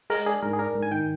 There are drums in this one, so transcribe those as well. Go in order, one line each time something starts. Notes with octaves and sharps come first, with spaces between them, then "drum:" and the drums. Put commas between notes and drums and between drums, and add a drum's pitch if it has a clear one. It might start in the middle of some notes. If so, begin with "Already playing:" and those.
G#3 A#4, drum: open hi-hat
D4 G#4
G#2 A#4
G#4
D4 A#4
G#2
G#5
D#3 G5